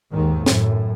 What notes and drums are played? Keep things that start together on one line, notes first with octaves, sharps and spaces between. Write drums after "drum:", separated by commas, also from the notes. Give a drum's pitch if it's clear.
D#2 G#2 D#3
F#2 A2, drum: snare